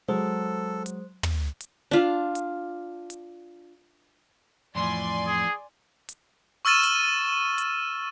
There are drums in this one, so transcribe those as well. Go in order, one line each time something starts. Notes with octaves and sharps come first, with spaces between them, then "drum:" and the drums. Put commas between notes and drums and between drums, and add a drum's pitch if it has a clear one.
F#3 G#3 A4 C5
drum: hi-hat
drum: tom
drum: hi-hat
D4 F4
drum: hi-hat
drum: hi-hat
F2 A2 E3 D5 G#5 C6
G#4
drum: hi-hat
C#6 E6 F6 A6 D#7 E7
drum: hi-hat
drum: hi-hat